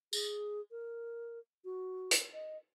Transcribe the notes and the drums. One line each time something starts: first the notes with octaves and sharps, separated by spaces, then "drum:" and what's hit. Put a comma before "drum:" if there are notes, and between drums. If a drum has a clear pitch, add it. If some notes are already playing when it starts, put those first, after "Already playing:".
G#4, drum: tambourine
A#4
F#4
drum: hi-hat
D#5